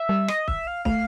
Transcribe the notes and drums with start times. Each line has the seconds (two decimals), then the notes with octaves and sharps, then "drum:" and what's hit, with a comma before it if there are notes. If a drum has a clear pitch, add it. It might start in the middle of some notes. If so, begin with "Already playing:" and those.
Already playing: E5
0.09 G3
0.28 D#5, drum: rim click
0.48 E5, drum: kick
0.67 F5
0.85 A3 F5, drum: kick